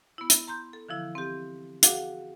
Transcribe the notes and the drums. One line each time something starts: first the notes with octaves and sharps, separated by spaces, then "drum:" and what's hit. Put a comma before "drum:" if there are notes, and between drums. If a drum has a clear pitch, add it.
B3 E4
drum: hi-hat
A#5 C6 G6
A4
D3 E3 F3 E4
C4 G4
F#4 G#4 F5 F#5 D6, drum: hi-hat